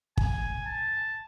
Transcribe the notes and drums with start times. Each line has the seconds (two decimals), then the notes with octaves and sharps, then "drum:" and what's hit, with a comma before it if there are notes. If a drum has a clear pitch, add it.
0.17 G#5, drum: kick
0.66 A5